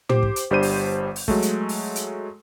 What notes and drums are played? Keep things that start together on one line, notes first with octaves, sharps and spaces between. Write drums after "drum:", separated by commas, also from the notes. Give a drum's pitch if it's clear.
G4 C5 D6, drum: tom
drum: kick
drum: hi-hat
G1 G3 D4 C5 G6 D#7
drum: open hi-hat
drum: open hi-hat
F#3 G#3 A3, drum: kick
drum: hi-hat
drum: open hi-hat
drum: hi-hat